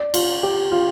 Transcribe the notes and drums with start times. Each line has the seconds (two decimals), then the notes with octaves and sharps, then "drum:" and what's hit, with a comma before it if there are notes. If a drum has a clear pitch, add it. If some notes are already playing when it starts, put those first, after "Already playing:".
Already playing: D5
0.14 F4, drum: cymbal
0.43 G4
0.72 F4